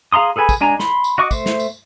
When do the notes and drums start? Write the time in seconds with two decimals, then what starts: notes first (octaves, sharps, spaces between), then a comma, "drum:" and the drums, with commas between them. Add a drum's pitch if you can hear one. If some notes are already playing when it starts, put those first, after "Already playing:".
0.12 G#4 F5 A#5 C6 D#6
0.36 G#4 A4 B4 G#5 B5
0.49 drum: kick, tambourine
0.61 G#3 D4 G#5 A#5
0.79 B5 C6, drum: snare
1.04 drum: tambourine
1.18 F#4 D#5 C#6 D6
1.31 A3 C5, drum: kick, tambourine
1.46 drum: snare
1.60 drum: tambourine